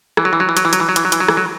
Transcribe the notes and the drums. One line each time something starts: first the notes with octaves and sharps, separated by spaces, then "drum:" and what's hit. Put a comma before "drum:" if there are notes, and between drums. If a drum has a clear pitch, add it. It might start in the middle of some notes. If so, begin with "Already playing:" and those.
E3, drum: rim click
F#3
E3
F#3
E3
F#3, drum: hi-hat
E3
F#3, drum: hi-hat
E3
F#3
E3, drum: hi-hat
F#3
E3, drum: hi-hat
F#3
E3, drum: rim click
F#3